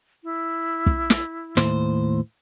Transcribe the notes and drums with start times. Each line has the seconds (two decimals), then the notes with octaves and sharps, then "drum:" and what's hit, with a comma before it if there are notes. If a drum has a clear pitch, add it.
0.24 E4
0.86 drum: kick
1.10 drum: snare
1.57 D#2 A2 C5, drum: snare